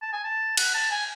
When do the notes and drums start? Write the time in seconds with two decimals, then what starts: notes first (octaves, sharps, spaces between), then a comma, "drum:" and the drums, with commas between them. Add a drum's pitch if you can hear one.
0.02 A5
0.13 G#5
0.24 A5
0.57 F#5, drum: cymbal
0.74 A5
0.91 G#5